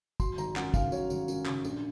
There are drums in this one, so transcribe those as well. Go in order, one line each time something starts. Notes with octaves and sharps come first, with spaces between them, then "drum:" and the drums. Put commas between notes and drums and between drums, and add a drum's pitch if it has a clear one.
F#3 C6, drum: kick, tambourine
G#1 A#5, drum: tambourine
F#2 F#5, drum: clap
C#3 F5, drum: kick, tambourine
F#3 C#5, drum: tambourine
G#1, drum: tambourine
F#2, drum: tambourine
C#3, drum: clap
A#1, drum: tambourine